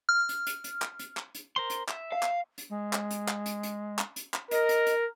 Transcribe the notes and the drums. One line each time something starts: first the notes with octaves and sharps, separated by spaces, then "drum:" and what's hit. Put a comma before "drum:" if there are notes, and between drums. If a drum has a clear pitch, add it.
F6
drum: hi-hat
drum: hi-hat
drum: hi-hat
drum: clap
drum: hi-hat
drum: clap
drum: hi-hat
A#4 C5 C6
drum: hi-hat
E5, drum: clap
F5
drum: clap
drum: hi-hat
G#3
drum: clap
drum: hi-hat
drum: clap
drum: hi-hat
drum: hi-hat
drum: clap
drum: hi-hat
drum: clap
A#4 D#5, drum: hi-hat
drum: hi-hat
drum: hi-hat